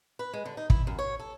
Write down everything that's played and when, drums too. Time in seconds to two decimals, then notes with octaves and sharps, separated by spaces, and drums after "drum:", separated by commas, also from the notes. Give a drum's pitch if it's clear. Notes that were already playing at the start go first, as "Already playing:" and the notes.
0.19 B4
0.33 G#3
0.45 D3
0.57 D#4
0.70 E4, drum: kick
0.87 F#2
0.99 C#5
1.19 A4